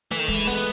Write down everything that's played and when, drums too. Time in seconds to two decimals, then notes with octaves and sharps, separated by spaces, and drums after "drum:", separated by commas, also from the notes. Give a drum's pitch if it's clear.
0.11 E3 A3, drum: hi-hat
0.19 D#3
0.28 E3 G#3, drum: kick C#1
0.47 A3 B3, drum: hi-hat